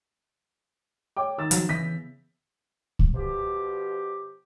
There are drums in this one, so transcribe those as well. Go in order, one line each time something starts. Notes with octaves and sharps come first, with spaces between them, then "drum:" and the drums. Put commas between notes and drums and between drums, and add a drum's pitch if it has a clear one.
C#5 G5 D6
D#3 E6 A6
F3 F#3, drum: hi-hat
C#3 E3 B3 G6 A#6 B6
drum: kick
B2 F3 G4